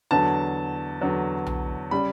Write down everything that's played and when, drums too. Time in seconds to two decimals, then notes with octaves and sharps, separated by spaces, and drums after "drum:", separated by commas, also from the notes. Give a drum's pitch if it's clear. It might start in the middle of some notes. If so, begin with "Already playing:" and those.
0.11 E2 D3 F#3 A5
1.01 E2 D3 F#3
1.46 drum: tom B1
1.91 C#3 G3 B5